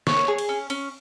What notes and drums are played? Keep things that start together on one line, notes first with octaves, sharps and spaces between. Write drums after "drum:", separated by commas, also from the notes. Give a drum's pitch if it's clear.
C#5, drum: snare
G#4
drum: cymbal
C#4
C#4, drum: cymbal